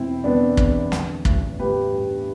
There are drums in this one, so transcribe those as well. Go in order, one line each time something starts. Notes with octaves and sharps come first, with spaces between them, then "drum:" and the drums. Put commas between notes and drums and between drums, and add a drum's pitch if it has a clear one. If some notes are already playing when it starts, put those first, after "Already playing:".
Already playing: E1 B2 C4 E4
E1 B3 D4
E2, drum: kick
D3, drum: snare
A1, drum: kick
A1 G4 B4
G2